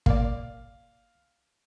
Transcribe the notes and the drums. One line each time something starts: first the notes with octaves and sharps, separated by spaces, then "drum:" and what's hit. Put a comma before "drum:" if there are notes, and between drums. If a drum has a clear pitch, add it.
A#3 D5 F5, drum: kick